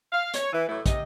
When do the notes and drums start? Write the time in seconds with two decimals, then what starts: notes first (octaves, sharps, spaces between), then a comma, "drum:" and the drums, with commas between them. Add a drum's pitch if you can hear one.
0.12 F5
0.34 C#5, drum: hi-hat
0.52 E3
0.67 A2 E3 F#3 A3 E4
0.86 C3 D#5, drum: kick, hi-hat